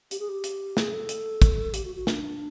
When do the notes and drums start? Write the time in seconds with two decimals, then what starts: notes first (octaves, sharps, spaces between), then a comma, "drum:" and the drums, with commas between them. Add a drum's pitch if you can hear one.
0.11 G4, drum: hi-hat
0.20 G#4
0.29 G4
0.44 drum: hi-hat
0.77 G#4, drum: snare
0.93 A4
1.09 drum: hi-hat
1.42 drum: kick, hi-hat
1.74 G4, drum: hi-hat
1.85 F#4
1.96 F#4
2.07 D4, drum: snare